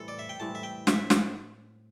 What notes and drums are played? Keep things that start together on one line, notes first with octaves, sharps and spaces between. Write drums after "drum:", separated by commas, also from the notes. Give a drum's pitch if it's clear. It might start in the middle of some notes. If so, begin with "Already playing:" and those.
Already playing: A2 E3 G3 C4 A4
D5
E5
G5
A2 E3 G3 C4 A5
E5
G5
E5, drum: snare
drum: snare